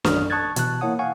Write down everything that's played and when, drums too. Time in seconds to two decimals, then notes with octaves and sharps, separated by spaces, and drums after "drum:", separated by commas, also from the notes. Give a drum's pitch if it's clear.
0.04 A#1 F#2 D#6 F6, drum: snare
0.30 A5 C#6 D#6 F#6 G#6 A6
0.56 B2 E3 A5 F#6, drum: hi-hat
0.81 A#3 E4 C#5 F#5 D#6
0.99 F5 F#5 G#5 C#6